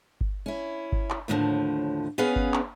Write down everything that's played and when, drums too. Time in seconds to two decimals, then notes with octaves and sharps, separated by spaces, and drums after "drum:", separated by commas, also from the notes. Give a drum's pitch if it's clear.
0.21 drum: kick G1
0.46 C#4 E4
0.92 drum: kick G1
1.10 drum: clap
1.28 D#2 A2 D3 D#3 F3
2.18 B3 C#4 G#4 B4 F5
2.36 drum: kick G1
2.54 drum: clap